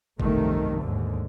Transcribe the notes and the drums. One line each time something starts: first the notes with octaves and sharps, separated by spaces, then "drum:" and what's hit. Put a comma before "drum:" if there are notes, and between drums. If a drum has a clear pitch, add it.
F1 B1 G2 C3 D#3 A3, drum: kick F#1
D#2 G#2 D3